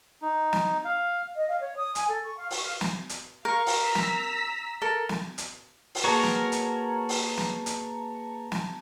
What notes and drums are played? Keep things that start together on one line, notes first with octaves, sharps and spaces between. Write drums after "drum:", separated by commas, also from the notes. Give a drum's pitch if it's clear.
D#4
drum: snare
F5
D#5
F5
C#5
D#6
G#5, drum: hi-hat
A4
C#6
F5
C#6, drum: open hi-hat
F5
drum: snare
drum: hi-hat
A#4 F5 C#6
drum: open hi-hat
A#5 E6 B6
drum: snare
A4 A#4
drum: snare
drum: hi-hat
drum: open hi-hat
A#3 F#4 G#4 A#4 B4 C#5 A5 A#5
drum: snare
drum: hi-hat
drum: open hi-hat
drum: snare
drum: hi-hat
drum: snare